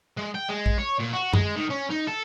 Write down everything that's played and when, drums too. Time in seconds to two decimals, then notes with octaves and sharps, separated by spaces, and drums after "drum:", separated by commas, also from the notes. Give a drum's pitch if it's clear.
0.17 G#3
0.35 G5
0.49 G#3
0.66 drum: kick
0.78 C#5
1.00 A#2
1.13 F#4
1.34 G#3, drum: tom
1.56 D#3
1.70 C#4
1.90 D#4
2.07 A4